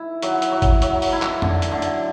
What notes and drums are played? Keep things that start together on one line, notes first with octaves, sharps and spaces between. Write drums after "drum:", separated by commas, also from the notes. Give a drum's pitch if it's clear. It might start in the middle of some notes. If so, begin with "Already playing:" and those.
Already playing: E4
F#3, drum: hi-hat
drum: hi-hat
F#3
drum: kick, hi-hat
F#3, drum: hi-hat
drum: open hi-hat
E4
drum: clap
D3, drum: tom F2
drum: hi-hat
D3
drum: hi-hat